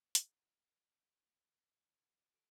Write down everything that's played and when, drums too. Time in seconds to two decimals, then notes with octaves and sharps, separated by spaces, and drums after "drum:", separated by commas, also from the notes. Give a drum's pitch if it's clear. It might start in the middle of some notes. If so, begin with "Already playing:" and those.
0.15 F5 F#5 A#5 F#6, drum: hi-hat
2.33 F#4 A4 D7